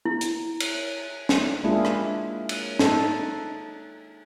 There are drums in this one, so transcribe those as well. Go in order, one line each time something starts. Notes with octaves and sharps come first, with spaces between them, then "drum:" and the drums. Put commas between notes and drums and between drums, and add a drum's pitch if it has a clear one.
E4
drum: hi-hat
drum: cymbal
drum: snare
G#3 A#3 D4 E4 F4 G#4
drum: rim click
drum: cymbal
D#4 A4, drum: snare